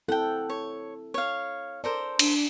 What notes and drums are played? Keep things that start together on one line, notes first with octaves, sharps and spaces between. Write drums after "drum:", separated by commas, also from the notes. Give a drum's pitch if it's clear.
C4 E4 A4 F#5 G5
C#5
C#5 F5
A4 A#4 C5 D5
D4, drum: cymbal